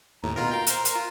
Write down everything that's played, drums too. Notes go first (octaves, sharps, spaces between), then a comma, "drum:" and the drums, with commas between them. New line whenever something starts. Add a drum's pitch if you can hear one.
D#2 A2 A#5
B2 F4 A#4
F5 G5
A#4 C5, drum: hi-hat
drum: hi-hat
F4